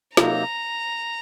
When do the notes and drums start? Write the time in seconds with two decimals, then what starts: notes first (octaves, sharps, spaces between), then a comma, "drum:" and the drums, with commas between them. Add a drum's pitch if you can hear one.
0.17 C3 F#3 A#3 D#4 A#5, drum: snare